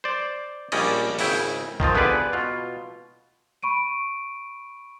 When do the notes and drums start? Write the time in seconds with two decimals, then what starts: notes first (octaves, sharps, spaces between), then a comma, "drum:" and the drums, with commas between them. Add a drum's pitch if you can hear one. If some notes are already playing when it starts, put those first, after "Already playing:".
0.04 C5 D5
0.72 A#1 G3 C#4 D5 D#5, drum: cymbal
1.19 G#1 C#3 E4 G5, drum: open hi-hat
1.80 D#3 F3 C4 F4, drum: kick
1.95 D3 B3 G4 G#4 B4 D5
2.33 B2 F4
3.63 B5 C#6 D7 D#7